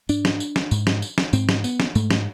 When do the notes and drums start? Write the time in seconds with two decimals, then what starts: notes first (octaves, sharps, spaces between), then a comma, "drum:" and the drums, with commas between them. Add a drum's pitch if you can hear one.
0.09 G#2 D4, drum: tambourine
0.25 drum: snare
0.40 drum: tambourine
0.56 drum: snare
0.71 G#2, drum: tambourine
0.87 drum: snare
1.02 drum: tambourine
1.18 drum: snare
1.33 G#2 C4, drum: tambourine
1.49 drum: snare
1.64 B3, drum: tambourine
1.80 drum: snare
1.95 G#2 A3, drum: tambourine
2.11 drum: snare